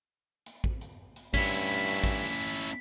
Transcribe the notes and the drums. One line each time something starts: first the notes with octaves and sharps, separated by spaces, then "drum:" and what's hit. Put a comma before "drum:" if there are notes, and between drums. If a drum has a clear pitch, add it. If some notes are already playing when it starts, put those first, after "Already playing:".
drum: hi-hat
drum: kick
drum: hi-hat
drum: hi-hat
G2 C#4 E4 B6, drum: kick
drum: hi-hat
drum: hi-hat
drum: kick
drum: hi-hat
drum: hi-hat